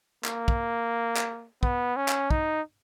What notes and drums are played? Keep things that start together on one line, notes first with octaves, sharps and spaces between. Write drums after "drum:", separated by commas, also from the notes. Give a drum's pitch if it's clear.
A#3, drum: clap
drum: kick
drum: clap
B3, drum: kick
C#4
drum: clap
D#4, drum: kick